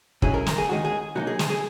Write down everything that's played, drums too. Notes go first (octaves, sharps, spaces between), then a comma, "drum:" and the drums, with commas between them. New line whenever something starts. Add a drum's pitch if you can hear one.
G#2 F#3 C#4 E4 G#4, drum: kick
A#4
A#4, drum: snare
G#4
D#2 D#3 G#3 D#4 F#4
G#4
B2 F#3 A#3 D#4 F#4
G#4
G#4, drum: snare
G#4